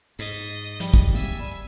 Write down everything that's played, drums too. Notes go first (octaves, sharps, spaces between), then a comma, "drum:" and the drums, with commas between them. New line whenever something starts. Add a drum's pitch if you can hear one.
G#2 D#5
F3 G3, drum: hi-hat
drum: kick
A#3 C4 E5 G#5